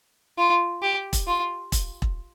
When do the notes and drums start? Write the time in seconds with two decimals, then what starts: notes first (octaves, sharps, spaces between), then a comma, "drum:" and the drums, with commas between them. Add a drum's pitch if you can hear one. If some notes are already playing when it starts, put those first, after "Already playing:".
0.38 F4
0.82 G4
1.13 drum: kick E1, hi-hat
1.27 F4
1.72 drum: kick E1, hi-hat
2.02 drum: kick E1